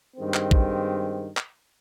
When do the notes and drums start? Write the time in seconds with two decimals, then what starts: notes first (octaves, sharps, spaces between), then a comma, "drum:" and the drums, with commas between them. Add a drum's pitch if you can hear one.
0.17 G2 D#3 G#3 C4
0.34 drum: clap
0.51 drum: kick
1.37 drum: clap